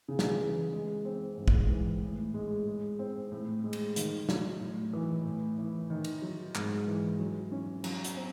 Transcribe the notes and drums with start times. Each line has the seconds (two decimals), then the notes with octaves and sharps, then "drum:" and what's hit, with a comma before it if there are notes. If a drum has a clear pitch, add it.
0.08 C#3
0.19 drum: snare
0.41 E3
0.73 G#3
1.05 C4
1.37 G#2
1.48 drum: kick
1.70 E3
2.02 A2
2.34 G#3
2.67 G#3
2.99 C4
3.32 A2
3.64 G#3
3.73 drum: cymbal
3.96 D#3, drum: hi-hat
4.29 F#3, drum: snare
4.61 A2
4.93 E3
5.25 A2
5.58 E3
5.90 D#3
6.04 drum: cymbal
6.22 F#3
6.55 G#2, drum: clap
6.87 E3
7.19 F#3
7.52 C#4
7.84 F#3, drum: cymbal
8.04 drum: hi-hat
8.16 C4